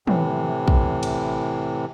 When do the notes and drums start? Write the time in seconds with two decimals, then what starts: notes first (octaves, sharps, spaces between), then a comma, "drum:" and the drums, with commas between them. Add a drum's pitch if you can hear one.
0.07 A2 C3 E3, drum: tom
0.68 drum: kick
1.03 drum: cymbal